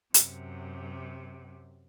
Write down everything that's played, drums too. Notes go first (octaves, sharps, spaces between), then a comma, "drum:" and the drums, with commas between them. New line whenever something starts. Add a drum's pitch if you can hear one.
F#2 C3, drum: hi-hat